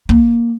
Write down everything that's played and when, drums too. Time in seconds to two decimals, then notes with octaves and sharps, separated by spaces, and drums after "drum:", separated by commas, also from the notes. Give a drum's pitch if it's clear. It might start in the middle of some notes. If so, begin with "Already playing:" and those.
0.09 A#3, drum: kick